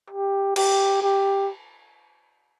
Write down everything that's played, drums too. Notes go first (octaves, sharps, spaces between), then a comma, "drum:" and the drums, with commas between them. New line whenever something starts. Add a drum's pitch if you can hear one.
G4
G4, drum: cymbal
G4